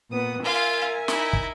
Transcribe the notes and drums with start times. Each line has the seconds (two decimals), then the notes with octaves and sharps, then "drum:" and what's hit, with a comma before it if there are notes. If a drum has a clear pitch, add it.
0.11 A#2 B3 D#6
0.42 F4 A#4 E5 F5 G#5
1.08 D#4 E4, drum: snare
1.33 drum: kick